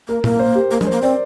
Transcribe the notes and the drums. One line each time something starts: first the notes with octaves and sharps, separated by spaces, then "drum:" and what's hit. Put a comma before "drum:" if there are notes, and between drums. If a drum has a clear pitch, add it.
A#3 A#4
A#3 A#4, drum: tom
C5
G4
A#3 A#4
G#3, drum: tom
C5
A#3
C4 D5